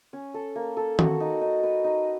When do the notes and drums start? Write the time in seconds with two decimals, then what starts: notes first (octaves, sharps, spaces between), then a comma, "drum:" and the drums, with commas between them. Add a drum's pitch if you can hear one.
0.13 C#4
0.34 A4
0.55 A#3
0.77 A4
0.99 F#4, drum: tom D#3
1.20 D#4
1.41 D#4
1.63 B4
1.84 D#4